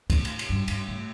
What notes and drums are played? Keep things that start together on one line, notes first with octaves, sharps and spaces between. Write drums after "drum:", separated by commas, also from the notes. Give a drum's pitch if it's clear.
A2, drum: kick, cymbal
drum: cymbal
drum: cymbal
G2
G2, drum: cymbal
A2